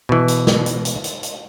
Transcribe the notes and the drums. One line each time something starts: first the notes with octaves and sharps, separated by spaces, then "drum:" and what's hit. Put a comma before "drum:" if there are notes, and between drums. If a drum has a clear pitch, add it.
B2 E3
drum: hi-hat
drum: snare
drum: hi-hat
drum: hi-hat
drum: hi-hat
drum: hi-hat